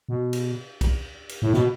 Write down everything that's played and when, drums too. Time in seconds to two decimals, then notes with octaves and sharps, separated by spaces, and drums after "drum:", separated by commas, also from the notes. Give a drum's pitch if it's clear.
0.09 B2
0.33 drum: cymbal
0.81 drum: kick, cymbal
1.29 drum: cymbal
1.42 A2
1.53 B2, drum: snare